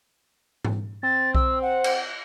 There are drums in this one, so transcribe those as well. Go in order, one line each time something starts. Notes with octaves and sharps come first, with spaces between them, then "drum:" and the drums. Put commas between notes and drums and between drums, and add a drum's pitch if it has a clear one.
drum: tom G#2
C4 A6
E6, drum: kick B1
F#5
drum: cymbal